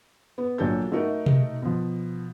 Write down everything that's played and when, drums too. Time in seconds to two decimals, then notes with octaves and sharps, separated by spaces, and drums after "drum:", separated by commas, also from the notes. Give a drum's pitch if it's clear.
0.38 B3
0.58 A#1 F#3 D4 A4 G6
0.92 A3 D#4 F#4 A#4 D#5
1.26 drum: tom B2
1.62 B2 F3